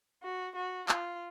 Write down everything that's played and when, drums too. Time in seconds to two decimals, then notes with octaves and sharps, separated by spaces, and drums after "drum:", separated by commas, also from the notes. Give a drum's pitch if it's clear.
0.22 F#4
0.56 F#4
0.89 F4, drum: clap